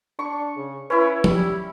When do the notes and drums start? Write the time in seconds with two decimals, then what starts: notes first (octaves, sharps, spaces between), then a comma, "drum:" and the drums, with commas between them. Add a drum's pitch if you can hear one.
0.19 D4 C#6
0.57 C#3
0.90 C#4 E4 B4
1.24 G3, drum: tom